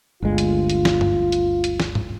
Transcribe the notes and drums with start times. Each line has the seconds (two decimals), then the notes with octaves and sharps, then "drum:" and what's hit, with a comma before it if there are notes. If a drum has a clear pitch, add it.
0.22 G1 D2 G#3 F4
0.38 drum: hi-hat
0.70 drum: hi-hat
0.85 drum: snare
1.01 drum: tom G2
1.32 drum: hi-hat
1.64 drum: hi-hat
1.80 drum: snare
1.95 drum: tom G#2